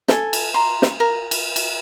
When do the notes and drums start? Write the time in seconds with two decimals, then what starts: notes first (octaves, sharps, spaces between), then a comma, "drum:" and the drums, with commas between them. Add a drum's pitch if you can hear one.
0.08 A4 G#5, drum: snare
0.33 drum: cymbal
0.54 A#5 C6
0.82 drum: snare
1.00 A#4
1.31 drum: cymbal
1.56 drum: cymbal